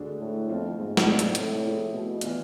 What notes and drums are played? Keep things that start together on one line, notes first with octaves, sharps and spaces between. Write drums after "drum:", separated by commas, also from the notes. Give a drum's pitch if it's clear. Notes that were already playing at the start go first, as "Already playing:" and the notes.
Already playing: D2 D3 G#3 D4 G#4
A2
F2 B2 A3 C4 F4
G#2
drum: snare
C3 G#3 C4 G#4 D5
drum: hi-hat
A2, drum: hi-hat
F3 A3 E4 G#4
B2
E3 B3 D4 F4, drum: hi-hat